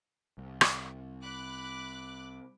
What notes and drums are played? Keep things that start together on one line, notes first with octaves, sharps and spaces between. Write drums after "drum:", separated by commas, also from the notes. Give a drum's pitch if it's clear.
C2
drum: rim click
B5 D6 F#6